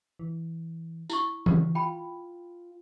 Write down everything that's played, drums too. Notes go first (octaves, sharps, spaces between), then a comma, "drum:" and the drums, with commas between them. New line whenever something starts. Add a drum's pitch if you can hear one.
E3
E4 C#6, drum: tambourine
C#3, drum: tom E3
F4 G5 B5